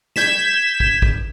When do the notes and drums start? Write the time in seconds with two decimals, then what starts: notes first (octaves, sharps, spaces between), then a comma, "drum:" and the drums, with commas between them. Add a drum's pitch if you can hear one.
0.16 G6 G#6 B6 E7, drum: snare
0.80 drum: kick
1.02 drum: kick